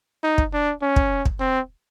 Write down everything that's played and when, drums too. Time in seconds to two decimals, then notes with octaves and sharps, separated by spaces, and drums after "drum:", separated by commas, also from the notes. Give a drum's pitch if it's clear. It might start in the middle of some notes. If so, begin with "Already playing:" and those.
0.23 D#4
0.38 drum: kick
0.53 D4
0.82 C#4
0.96 drum: kick
1.25 drum: kick
1.40 C4